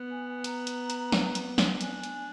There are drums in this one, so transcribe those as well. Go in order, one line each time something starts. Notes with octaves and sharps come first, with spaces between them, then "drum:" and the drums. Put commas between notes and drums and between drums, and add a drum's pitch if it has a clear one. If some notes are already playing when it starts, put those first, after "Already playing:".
Already playing: B3
G#5
G#5
A#5, drum: hi-hat
drum: hi-hat
drum: hi-hat
drum: snare
drum: hi-hat
drum: snare
D4 G#5, drum: hi-hat
drum: hi-hat